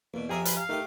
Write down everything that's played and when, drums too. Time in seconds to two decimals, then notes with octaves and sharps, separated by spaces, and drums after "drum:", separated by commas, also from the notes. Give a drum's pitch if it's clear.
0.14 E2 B2 A#3
0.29 F2 G4 G#4 A#4 E5 G#5 A#5
0.45 B4, drum: hi-hat
0.57 F5
0.69 A3 D#4 G4 A#4 D#5